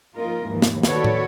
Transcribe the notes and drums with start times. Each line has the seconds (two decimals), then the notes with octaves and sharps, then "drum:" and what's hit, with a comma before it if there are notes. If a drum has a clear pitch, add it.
0.15 F3 A#3 D#4 F4 A#4
0.44 D#2 G#2 E3 F3
0.62 drum: snare
0.83 D#3 F#4 A4 B4 C#5 D5, drum: snare
1.04 drum: tom